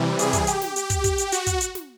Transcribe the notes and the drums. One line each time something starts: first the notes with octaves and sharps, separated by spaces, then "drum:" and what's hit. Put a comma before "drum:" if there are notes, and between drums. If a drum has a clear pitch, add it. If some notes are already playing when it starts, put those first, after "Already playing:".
Already playing: C3 E3 G3
G#4, drum: hi-hat
drum: kick, hi-hat
G4, drum: hi-hat
drum: snare
G4, drum: hi-hat
drum: kick, hi-hat
drum: kick, hi-hat
drum: hi-hat
F#4, drum: hi-hat
drum: kick, hi-hat
drum: hi-hat
drum: snare